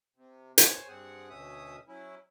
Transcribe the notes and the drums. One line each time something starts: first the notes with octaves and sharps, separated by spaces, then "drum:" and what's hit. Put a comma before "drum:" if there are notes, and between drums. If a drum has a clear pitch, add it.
C3
C5 C#5 G#5, drum: hi-hat
G2 C4 G#4 F#5
D2 B2 C#4 E5 D#6
F#3 C#4 E4